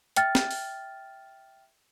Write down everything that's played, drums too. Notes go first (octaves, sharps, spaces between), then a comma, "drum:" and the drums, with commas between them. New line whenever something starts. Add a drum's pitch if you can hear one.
E5 G5 F6 A6, drum: hi-hat
drum: snare
drum: open hi-hat